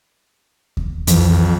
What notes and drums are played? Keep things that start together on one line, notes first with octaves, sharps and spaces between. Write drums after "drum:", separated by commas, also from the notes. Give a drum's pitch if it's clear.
drum: kick D#2
B1 F2 E3 F3, drum: hi-hat